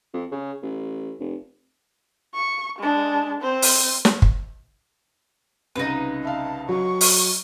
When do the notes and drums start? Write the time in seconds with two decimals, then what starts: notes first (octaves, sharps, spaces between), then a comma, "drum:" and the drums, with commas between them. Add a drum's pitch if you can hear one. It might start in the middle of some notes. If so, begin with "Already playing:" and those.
0.14 F2
0.32 C#3
0.62 A1
1.20 F1
2.34 C#6
2.79 G#3 D4
3.40 C4 C5
3.62 drum: open hi-hat
4.05 drum: snare
4.22 drum: kick
5.75 C2 C#3 D#4 B4
6.25 E5 F5 A5
6.69 F#3 C#6
7.01 drum: open hi-hat